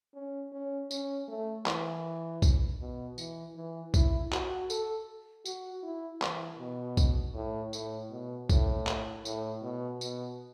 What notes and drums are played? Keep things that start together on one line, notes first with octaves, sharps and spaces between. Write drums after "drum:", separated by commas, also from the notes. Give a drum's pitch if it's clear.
C#4
C#4
C#4, drum: tambourine
A3
E3, drum: clap
drum: kick, tambourine
B2
E3, drum: tambourine
E3
E4, drum: kick, tambourine
F#4, drum: clap
A4, drum: tambourine
F#4, drum: tambourine
E4
E3, drum: clap
B2
drum: kick, tambourine
A2
A2, drum: tambourine
B2
A2, drum: kick, tambourine
drum: clap
A2, drum: tambourine
B2
B2, drum: tambourine